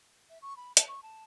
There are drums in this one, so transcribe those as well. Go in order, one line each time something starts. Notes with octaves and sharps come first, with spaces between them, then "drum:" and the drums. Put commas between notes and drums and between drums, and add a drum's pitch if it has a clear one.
E5
C#6
B5
A5, drum: hi-hat
C#6
A5